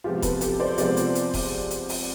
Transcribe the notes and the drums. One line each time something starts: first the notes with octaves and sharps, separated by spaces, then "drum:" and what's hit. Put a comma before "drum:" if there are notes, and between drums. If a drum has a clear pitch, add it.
C3 F3 G#3 B3 F4 G4
A4 B4, drum: kick D#1, hi-hat
G4 A4, drum: hi-hat
C5 D5
C3 F3 G#3 B3 C5 D5, drum: hi-hat
drum: hi-hat
drum: hi-hat
drum: kick D#1, open hi-hat
drum: hi-hat
drum: open hi-hat